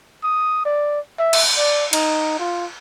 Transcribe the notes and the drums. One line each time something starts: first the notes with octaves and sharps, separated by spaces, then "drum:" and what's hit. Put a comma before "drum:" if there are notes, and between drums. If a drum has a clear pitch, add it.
D#6
D5
E5
drum: cymbal
D5
D#4, drum: cymbal
F4